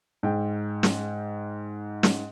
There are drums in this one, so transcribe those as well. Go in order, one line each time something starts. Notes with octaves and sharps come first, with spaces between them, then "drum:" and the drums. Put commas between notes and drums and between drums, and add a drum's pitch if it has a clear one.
G#2 G5
drum: snare
drum: snare